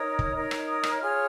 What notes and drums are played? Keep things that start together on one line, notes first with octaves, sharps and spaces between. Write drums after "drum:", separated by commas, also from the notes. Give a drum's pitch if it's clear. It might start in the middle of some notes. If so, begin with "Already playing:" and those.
Already playing: D#4 A#4 C#5 D#6
drum: kick
D#4 A#4 C#5
drum: rim click
D#6
drum: rim click
F4 G#4 C#5 F6